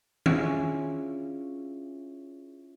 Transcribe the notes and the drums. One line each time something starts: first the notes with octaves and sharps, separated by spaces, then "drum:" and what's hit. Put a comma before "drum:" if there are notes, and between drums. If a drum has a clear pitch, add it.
C#4 D4 E4 F4 G#4 C#5, drum: tom D#3